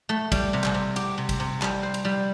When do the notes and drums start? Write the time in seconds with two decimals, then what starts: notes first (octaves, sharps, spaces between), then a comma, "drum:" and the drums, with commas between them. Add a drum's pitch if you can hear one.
0.09 A3
0.32 G3, drum: kick A1, cymbal
0.53 C3
0.64 drum: clap
0.75 C3
0.96 G4, drum: cymbal
1.18 C3
1.29 drum: kick A1, cymbal
1.40 C3
1.62 G3, drum: clap
1.83 C5
1.94 drum: cymbal
2.05 G3